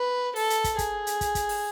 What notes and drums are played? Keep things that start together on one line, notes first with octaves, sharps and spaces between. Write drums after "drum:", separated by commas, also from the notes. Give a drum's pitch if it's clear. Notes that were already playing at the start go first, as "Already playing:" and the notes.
Already playing: B4
A4, drum: open hi-hat
drum: hi-hat
drum: kick, hi-hat
G#4, drum: kick, hi-hat
drum: hi-hat
drum: kick, hi-hat
drum: kick, hi-hat
drum: open hi-hat